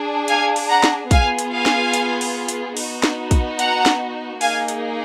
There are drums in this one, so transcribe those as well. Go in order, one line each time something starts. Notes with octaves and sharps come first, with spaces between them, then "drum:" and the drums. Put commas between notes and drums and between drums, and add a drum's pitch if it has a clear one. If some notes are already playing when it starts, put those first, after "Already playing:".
Already playing: D4 G#4
F5 G#5, drum: hi-hat
drum: open hi-hat
F#5 A#5
drum: snare
B3 F4 G#4 F5 G#5, drum: kick, hi-hat
drum: hi-hat
F5 G#5
drum: snare
drum: hi-hat
drum: open hi-hat
drum: hi-hat
B3 D#4 F#4, drum: open hi-hat
drum: snare
drum: kick, hi-hat
F#5 A#5, drum: hi-hat
drum: snare
A#3 D#4 G#4 F5 G#5, drum: open hi-hat
drum: hi-hat